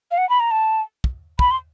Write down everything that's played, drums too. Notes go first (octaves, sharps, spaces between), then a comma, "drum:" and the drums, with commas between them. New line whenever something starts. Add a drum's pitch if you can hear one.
F5
F#5
B5
A#5
A5
drum: kick
B5, drum: kick
C6